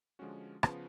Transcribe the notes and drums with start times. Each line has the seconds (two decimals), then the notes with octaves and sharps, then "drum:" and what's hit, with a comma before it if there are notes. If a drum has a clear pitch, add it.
0.19 D3 F3 G#3 C#4 F#4
0.63 C#3 F3 B3 F4 B4, drum: rim click